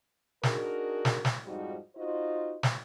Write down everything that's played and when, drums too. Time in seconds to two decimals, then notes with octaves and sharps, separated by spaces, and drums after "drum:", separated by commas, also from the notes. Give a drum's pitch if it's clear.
0.43 D4 D#4 F#4 G#4 A#4, drum: snare
1.05 drum: snare
1.25 drum: snare
1.44 F2 G#2 F3 G3 D#4 F#4
1.96 D#4 F4 F#4 C5 D#5
2.63 drum: snare